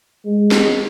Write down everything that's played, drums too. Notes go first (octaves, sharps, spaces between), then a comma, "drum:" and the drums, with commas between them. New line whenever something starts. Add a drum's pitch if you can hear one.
G#3
drum: snare